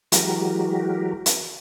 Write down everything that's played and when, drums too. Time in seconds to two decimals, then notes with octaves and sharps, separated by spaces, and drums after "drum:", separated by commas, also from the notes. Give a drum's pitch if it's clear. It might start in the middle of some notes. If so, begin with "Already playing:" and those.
0.12 E3 F#3 G#3 F#4 G4 A#4, drum: hi-hat
1.26 drum: hi-hat